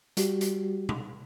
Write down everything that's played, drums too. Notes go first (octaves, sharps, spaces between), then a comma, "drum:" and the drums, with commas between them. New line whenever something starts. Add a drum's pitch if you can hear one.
G3 F#4 G4, drum: hi-hat
drum: hi-hat
drum: tom B2